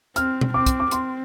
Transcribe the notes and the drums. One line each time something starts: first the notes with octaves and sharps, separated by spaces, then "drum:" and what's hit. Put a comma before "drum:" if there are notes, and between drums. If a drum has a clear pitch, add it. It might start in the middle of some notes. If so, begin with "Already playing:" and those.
C4 F6, drum: hi-hat
drum: tom B2
C4 D6
drum: kick, hi-hat
D6
C4 C6, drum: hi-hat